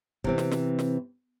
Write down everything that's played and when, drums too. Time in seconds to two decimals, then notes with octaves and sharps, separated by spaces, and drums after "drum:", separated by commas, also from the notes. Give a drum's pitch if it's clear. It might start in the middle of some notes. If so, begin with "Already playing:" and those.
0.24 C3 E3 C4, drum: kick
0.38 drum: snare
0.51 drum: snare
0.79 drum: snare